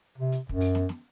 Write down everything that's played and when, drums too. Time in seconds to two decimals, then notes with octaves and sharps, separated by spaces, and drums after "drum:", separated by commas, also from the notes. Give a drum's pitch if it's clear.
0.18 C3
0.32 drum: hi-hat
0.49 F#2, drum: kick
0.61 drum: open hi-hat
0.75 drum: snare
0.89 drum: snare